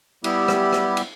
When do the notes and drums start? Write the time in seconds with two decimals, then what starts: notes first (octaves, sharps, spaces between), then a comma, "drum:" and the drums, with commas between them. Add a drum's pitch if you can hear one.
0.24 G3 B3 E4 G4, drum: cymbal
0.48 drum: rim click
0.73 drum: rim click
0.97 drum: cymbal